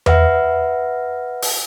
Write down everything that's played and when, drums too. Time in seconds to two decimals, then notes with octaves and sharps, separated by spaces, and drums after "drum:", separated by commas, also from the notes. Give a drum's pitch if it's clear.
0.06 B4 E5 F#5, drum: tom E2
1.42 drum: open hi-hat